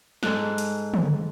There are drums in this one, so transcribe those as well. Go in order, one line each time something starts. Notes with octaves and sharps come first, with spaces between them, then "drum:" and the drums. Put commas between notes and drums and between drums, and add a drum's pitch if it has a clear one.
G#2 A4 F#6, drum: snare
drum: hi-hat
drum: tom